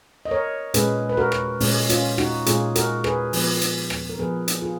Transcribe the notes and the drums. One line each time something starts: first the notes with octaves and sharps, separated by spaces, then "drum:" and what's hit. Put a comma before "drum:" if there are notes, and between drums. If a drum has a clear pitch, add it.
D#5
A#4 C#5
A#2 G#3 C#4 G#4 B4, drum: hi-hat
B4
F#4 A#4
drum: rim click
A#2 G#3 C#4, drum: open hi-hat
C#4 F4, drum: hi-hat
D#4 F#4, drum: rim click
A#2 G#3 C#4 F4 G#4, drum: hi-hat
F#4 A#4, drum: hi-hat
G#4 B4, drum: rim click
F3 B3, drum: open hi-hat
drum: hi-hat
drum: rim click
A#4
F3 B3 G#4 B4
drum: hi-hat
F4 G#4